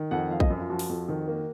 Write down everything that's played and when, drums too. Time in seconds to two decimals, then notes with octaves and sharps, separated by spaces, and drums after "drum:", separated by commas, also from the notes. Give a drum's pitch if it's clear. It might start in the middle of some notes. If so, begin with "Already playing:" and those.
Already playing: D#3
0.11 F2 F#5
0.31 F3 F5
0.40 D#5, drum: kick A#1
0.50 F#2
0.60 F4
0.70 F3 F#4
0.79 drum: open hi-hat
0.89 F2
1.08 D#3
1.28 A#3